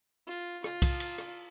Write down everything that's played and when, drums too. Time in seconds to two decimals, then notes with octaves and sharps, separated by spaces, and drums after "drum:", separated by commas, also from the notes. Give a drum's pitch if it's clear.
0.27 F4
0.64 F4, drum: rim click
0.82 drum: kick, cymbal
1.00 drum: cymbal
1.18 drum: rim click